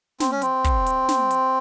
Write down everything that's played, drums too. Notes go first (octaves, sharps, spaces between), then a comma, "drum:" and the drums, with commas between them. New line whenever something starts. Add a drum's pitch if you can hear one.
C4, drum: snare
C#4
C4, drum: hi-hat
drum: kick, hi-hat
drum: hi-hat
drum: snare
drum: hi-hat